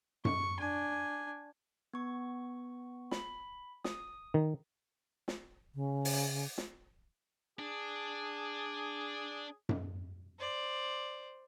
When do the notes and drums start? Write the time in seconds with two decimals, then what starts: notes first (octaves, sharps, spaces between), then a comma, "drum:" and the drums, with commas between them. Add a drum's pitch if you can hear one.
0.25 C#6, drum: tom F#2
0.60 D4 G#5
1.94 B3 C#6
3.11 B5, drum: snare
3.84 D#6, drum: snare
4.34 D#3
5.28 drum: snare
5.74 C#3
6.05 drum: open hi-hat
6.58 drum: snare
7.59 D4 G#4
9.69 drum: tom F#2
10.39 C5 D5